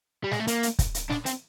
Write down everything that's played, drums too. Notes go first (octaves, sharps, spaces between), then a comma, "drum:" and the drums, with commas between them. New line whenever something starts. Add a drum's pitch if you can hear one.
G3
G#3, drum: snare
A3
A#3, drum: hi-hat
drum: hi-hat
drum: kick, hi-hat
drum: hi-hat
D4, drum: snare
C4, drum: hi-hat